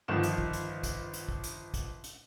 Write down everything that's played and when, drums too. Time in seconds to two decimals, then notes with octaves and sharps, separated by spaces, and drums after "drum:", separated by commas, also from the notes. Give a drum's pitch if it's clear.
0.08 G1 D#3 F3 E7
0.23 drum: hi-hat
0.38 drum: kick
0.53 drum: hi-hat
0.83 drum: kick, hi-hat
1.14 drum: hi-hat
1.29 drum: kick
1.44 drum: hi-hat
1.74 drum: kick, hi-hat
2.04 drum: hi-hat